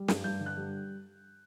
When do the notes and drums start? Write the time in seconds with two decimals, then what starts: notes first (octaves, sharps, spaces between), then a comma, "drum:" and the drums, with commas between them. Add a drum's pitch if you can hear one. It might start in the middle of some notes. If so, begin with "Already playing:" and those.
Already playing: G3
0.08 G2, drum: snare
0.24 G2 G6
0.40 D3
0.46 F#6
0.57 G3